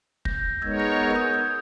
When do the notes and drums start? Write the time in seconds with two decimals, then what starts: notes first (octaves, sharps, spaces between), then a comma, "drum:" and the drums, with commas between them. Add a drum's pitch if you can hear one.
0.25 G6 A#6, drum: kick
0.61 G#3 B3 D#4 A#4 C#5 E6 G#6
0.80 G6 A#6
1.11 E6
1.15 D#6 G6
1.34 E6 G#6